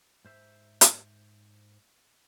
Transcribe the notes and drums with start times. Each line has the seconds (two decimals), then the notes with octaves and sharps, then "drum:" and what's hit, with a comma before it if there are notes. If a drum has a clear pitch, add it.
0.25 G#2 C5 E5
0.81 drum: hi-hat